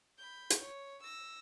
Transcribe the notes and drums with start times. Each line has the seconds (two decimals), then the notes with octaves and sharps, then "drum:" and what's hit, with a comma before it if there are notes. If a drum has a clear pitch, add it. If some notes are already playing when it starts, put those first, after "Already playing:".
0.18 B5 G6
0.50 drum: hi-hat
0.60 C#5
1.02 E6 A#6